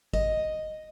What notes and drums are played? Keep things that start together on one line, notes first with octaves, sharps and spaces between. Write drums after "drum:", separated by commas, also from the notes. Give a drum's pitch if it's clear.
D#5, drum: kick